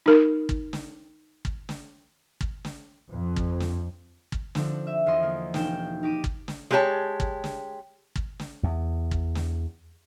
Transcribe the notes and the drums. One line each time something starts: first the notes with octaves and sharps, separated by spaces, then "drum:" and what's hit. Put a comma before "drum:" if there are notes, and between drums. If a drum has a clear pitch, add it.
D#4 A#4
drum: kick
drum: snare
drum: kick
drum: snare
drum: kick
drum: snare
F2
drum: kick
drum: snare
drum: kick
D3 F3 C4 D4, drum: snare
E5
E2 F3 D#5 C6
A#3
E1 D#4 G5 G6 E7, drum: snare
D#4 G4 D6 D#7
drum: kick
drum: snare
G#3 F4 G4 A#4 C#5 A5
drum: kick
drum: snare
drum: kick
drum: snare
E2
drum: kick
drum: snare